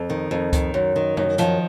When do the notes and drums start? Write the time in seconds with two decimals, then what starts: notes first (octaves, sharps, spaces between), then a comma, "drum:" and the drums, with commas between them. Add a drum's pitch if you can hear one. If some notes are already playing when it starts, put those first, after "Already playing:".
Already playing: F2
0.10 D#3
0.31 F2
0.53 D#3, drum: kick C#2, hi-hat
0.74 F#2
0.96 D#3
1.17 F#2, drum: tom
1.38 D#3 F3, drum: hi-hat